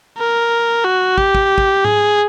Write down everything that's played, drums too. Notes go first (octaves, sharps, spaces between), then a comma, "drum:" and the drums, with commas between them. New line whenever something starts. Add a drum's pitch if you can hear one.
A#4
F#4
G4, drum: kick
drum: kick
drum: kick
G#4, drum: tom G#2